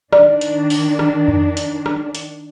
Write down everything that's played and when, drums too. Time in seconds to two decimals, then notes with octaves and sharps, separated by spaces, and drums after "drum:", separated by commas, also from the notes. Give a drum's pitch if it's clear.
0.13 D#3 D4 D5, drum: rim click
0.41 drum: hi-hat
0.70 drum: open hi-hat
0.99 drum: rim click
1.28 drum: tom F2
1.57 drum: hi-hat
1.86 drum: rim click
2.15 drum: hi-hat